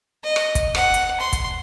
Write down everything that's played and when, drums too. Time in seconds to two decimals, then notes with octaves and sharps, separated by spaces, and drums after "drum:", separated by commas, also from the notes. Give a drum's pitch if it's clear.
0.24 D#5
0.36 drum: rim click
0.55 drum: kick, hi-hat
0.75 F#5, drum: rim click
0.94 drum: hi-hat
1.20 C6
1.33 drum: kick, hi-hat